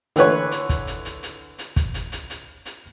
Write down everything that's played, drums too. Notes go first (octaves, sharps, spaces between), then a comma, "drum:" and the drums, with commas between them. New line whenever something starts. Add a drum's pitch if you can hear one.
D3 E3 B4 C#5, drum: hi-hat
drum: hi-hat
drum: kick, hi-hat
drum: hi-hat
drum: hi-hat
drum: hi-hat
drum: hi-hat
drum: kick, hi-hat
drum: hi-hat
drum: hi-hat
drum: hi-hat
drum: hi-hat